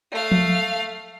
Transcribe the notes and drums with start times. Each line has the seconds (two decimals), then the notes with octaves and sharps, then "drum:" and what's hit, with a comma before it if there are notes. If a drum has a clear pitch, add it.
0.12 A3 F5
0.31 drum: tom F3